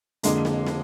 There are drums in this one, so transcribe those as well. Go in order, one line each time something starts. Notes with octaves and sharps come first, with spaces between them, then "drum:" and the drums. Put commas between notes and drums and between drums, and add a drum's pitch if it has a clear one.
F2 D3 F3 G#3 A#3 D4, drum: hi-hat
drum: snare
drum: snare